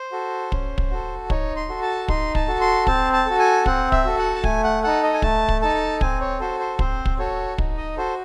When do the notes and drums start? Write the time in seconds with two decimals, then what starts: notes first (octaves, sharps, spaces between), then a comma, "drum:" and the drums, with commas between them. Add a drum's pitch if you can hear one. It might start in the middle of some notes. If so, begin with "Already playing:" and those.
Already playing: C5
0.12 F#4 A4
0.52 C#4, drum: kick
0.78 drum: kick
0.91 F#4 A4
1.30 D#4 C#5, drum: kick
1.56 C6
1.69 F#4 A4
1.82 A5
2.08 D#4 C6, drum: kick
2.35 A5, drum: kick
2.48 F#4 A4
2.61 C6
2.87 C4 A5, drum: kick
3.13 A5
3.26 F#4 A4
3.39 G#5
3.66 C4 F#5, drum: kick
3.92 E5, drum: kick
4.05 F#4 A4
4.18 F#5
4.35 A5
4.44 A3 G#5, drum: kick
4.64 F#5
4.83 D#4 A4 F#5
5.03 D#5
5.14 G#5
5.22 A3 A5, drum: kick
5.49 drum: kick
5.62 D#4 A4 A5
6.01 C4 G#5, drum: kick
6.20 C#5
6.40 F#4 A4 C5
6.60 C5
6.79 C4 C5, drum: kick
7.05 drum: kick
7.19 F#4 A4 C#5
7.58 D#4, drum: kick
7.77 D#5
7.97 F#4 A4 C5